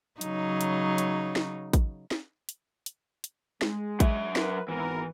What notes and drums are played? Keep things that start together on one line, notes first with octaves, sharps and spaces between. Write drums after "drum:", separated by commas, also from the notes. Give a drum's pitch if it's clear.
C#3 F#3 D#4, drum: hi-hat
drum: hi-hat
drum: hi-hat
drum: snare
drum: kick, hi-hat
drum: snare
drum: hi-hat
drum: hi-hat
drum: hi-hat
G#3, drum: snare
F#3 E5, drum: kick, hi-hat
A#4 B4, drum: snare
G#1 E3 B3 A#4